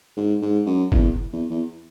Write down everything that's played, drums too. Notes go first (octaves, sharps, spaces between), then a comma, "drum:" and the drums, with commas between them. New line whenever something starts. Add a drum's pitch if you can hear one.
G#2
G#2
F#2
E2, drum: kick
E2
E2